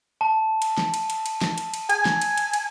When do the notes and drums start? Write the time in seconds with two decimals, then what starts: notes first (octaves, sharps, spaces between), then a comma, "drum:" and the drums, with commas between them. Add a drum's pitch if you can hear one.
0.21 A5
0.62 drum: cymbal
0.78 drum: snare
0.94 drum: cymbal
1.10 drum: cymbal
1.26 drum: cymbal
1.42 drum: snare
1.58 drum: cymbal
1.74 drum: cymbal
1.90 G#5, drum: cymbal
2.06 drum: snare
2.22 drum: cymbal
2.38 drum: cymbal
2.53 drum: cymbal